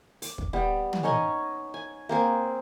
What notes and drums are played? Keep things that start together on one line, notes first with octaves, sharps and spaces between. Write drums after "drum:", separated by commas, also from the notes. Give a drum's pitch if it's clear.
D6, drum: hi-hat
drum: kick
G3 B3
drum: tom
C#4 D#4 C#5 D#5
G#5
A#3 C4 G#4